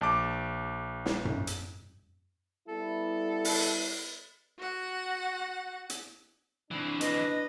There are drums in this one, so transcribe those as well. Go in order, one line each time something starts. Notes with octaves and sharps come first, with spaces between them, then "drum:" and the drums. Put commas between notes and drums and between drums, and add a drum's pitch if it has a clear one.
A#1 A5 D6
drum: snare
drum: tom F#2
drum: hi-hat
G3 B3 E4 A4
drum: open hi-hat
F#4 F#5
drum: hi-hat
E3 C4 D4
B4 D#5, drum: hi-hat